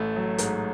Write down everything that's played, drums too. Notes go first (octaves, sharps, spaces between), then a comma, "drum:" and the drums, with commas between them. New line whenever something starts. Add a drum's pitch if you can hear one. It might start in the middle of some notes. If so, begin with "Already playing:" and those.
Already playing: A1 A3
F#3
G#2, drum: hi-hat